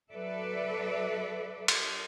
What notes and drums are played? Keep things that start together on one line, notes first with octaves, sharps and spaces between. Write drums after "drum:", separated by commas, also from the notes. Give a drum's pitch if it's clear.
F#3 A4 B4 D5 E5
drum: cymbal